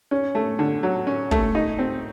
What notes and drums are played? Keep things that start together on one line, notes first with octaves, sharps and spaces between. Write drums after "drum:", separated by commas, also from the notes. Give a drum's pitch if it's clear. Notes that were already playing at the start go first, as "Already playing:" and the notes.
C#4
A3
D3
F#3
C#4
A3, drum: kick
D#4
C4